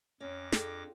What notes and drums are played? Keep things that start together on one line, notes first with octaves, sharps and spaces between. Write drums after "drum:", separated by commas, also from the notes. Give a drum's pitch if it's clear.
F2 C#4 D6 A#6
D4 F4 G#4 A4 G5, drum: snare